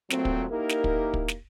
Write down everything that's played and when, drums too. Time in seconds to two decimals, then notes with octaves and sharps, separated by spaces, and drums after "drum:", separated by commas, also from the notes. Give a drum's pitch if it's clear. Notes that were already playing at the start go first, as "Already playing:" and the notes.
0.10 A#2 F#3 A3 C4, drum: snare
0.25 drum: kick
0.50 A#3 D#4 E4 G4 A#4
0.69 drum: snare
0.84 drum: kick
1.14 drum: kick
1.28 drum: snare